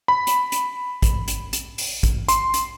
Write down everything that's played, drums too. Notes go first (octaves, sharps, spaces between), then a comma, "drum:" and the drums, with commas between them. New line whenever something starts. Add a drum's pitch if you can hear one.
B5
drum: hi-hat
drum: hi-hat
drum: kick, hi-hat
drum: hi-hat
drum: hi-hat
drum: open hi-hat
drum: kick, hi-hat
C6, drum: hi-hat
drum: hi-hat